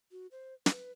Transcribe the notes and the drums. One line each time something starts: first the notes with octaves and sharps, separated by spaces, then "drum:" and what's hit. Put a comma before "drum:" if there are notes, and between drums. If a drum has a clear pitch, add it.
F#4
C5
B4, drum: snare